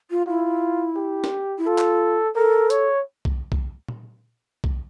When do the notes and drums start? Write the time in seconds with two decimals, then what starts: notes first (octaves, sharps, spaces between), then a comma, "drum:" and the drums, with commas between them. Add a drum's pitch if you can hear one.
0.10 F4
0.27 E4 F4
0.96 G4
1.24 drum: snare
1.58 E4
1.67 F4 A4
1.78 drum: clap
2.36 A4 A#4
2.70 C#5, drum: hi-hat
3.25 drum: kick B1
3.52 drum: kick B1
3.88 drum: tom A#2
4.64 drum: kick B1